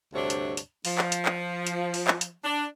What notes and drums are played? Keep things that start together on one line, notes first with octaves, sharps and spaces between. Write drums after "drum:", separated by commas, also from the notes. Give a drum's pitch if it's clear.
D2 G2 C3 D4 C5 C#5
drum: hi-hat
drum: hi-hat
F3, drum: open hi-hat
drum: clap
drum: hi-hat
drum: clap
drum: hi-hat
drum: open hi-hat
drum: clap
drum: hi-hat
D4